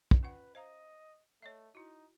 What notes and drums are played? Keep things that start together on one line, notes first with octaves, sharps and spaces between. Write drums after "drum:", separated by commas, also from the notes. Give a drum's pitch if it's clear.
drum: kick
C#4 F4 B4 F#5
C5 D#5 F5 A#5
A3 C#5 D#5 E5
D#4 E4 F#4